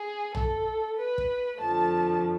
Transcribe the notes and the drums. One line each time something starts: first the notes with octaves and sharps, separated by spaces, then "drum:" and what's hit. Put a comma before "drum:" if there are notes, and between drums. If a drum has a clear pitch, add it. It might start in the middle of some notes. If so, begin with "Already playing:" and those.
Already playing: G#4
A4, drum: tom A#1
B4
drum: kick
F2 D3 F3 A3 A5